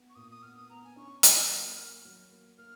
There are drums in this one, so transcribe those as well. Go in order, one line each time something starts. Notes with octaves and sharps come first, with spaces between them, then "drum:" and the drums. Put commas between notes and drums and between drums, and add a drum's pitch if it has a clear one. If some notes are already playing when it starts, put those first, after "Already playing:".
Already playing: B3
C#6
A#2 D#6
D#6
B3 F6
D#6
B3 A#5
G#5
C#4 C#6
F#3 F6, drum: hi-hat
A#3
A#3
F#3
A#3
A#3 F6